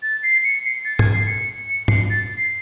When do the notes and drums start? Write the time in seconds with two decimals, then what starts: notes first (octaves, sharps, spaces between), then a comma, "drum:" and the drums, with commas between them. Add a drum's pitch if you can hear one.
0.02 A6
0.23 C7
0.44 C#7
0.65 C7
0.85 A6
0.99 G#6, drum: tom G#2
1.13 C7
1.27 C#7
1.69 C#7
1.88 C7, drum: tom G#2
2.10 A6
2.37 C7